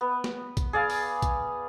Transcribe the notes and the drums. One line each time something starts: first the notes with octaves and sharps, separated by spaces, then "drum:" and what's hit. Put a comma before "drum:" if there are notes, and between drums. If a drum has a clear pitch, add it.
B3
drum: snare
drum: kick, hi-hat
G#4 D5 F5
drum: open hi-hat
drum: kick, hi-hat